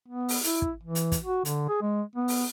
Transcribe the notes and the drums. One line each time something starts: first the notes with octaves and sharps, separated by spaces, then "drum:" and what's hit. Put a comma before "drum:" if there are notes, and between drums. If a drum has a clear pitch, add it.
B3
drum: open hi-hat
E4, drum: hi-hat
drum: kick
E3
drum: hi-hat
drum: kick, hi-hat
F#4
D3, drum: hi-hat
G#4
G#3
B3
drum: open hi-hat